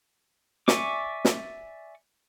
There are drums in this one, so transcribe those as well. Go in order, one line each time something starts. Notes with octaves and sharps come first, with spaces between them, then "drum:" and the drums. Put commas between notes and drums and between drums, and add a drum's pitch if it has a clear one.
D5 E5 G#5 C#6 D6, drum: snare
drum: snare